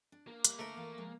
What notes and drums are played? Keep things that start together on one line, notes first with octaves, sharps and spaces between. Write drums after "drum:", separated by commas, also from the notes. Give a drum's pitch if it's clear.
D4
A#3
G3, drum: hi-hat
D3 A3 A#4
E3 F4 F5
F3 G#3